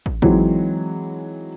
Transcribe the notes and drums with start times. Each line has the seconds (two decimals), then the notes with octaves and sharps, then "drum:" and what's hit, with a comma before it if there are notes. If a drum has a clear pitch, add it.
0.06 drum: kick
0.22 E3 F#3 G#3 C4 D#4, drum: kick